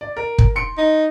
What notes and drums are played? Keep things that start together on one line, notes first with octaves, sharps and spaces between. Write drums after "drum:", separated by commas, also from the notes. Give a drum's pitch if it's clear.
D5
A#4
drum: kick
C6 C#7 D7
D#4